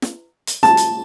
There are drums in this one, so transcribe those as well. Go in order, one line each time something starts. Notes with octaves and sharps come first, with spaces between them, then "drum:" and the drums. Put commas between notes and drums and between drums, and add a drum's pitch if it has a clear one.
drum: snare
drum: hi-hat
A5, drum: snare
drum: hi-hat